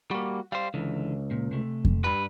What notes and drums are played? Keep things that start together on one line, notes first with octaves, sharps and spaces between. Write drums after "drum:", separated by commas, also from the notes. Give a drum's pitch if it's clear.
G3 A#3 F#4
G3 C5 F5
C#2 D3 E3
A#2
C3 A3
drum: kick F2
G2 G3 B4 B5